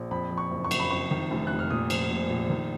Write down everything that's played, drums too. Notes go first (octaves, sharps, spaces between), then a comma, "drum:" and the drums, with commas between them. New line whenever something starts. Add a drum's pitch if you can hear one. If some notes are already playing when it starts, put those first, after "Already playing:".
Already playing: A#1
F2 B5
F3
C#6
F#1
C#6
F#1, drum: cymbal
B5
F2 C#6
D#3
F1
F1 F#6
F6
A#2 D#6
F3, drum: cymbal
A#1
A#1
D#3